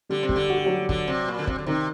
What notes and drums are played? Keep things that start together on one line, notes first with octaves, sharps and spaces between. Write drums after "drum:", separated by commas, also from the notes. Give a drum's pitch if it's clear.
D3 G3 G4
C3
G3 G4, drum: kick
D3
F#4
G4
F#3 F#4
D3, drum: kick
C3
A#2
D3
C3, drum: kick
D3
C3 D#3 D#4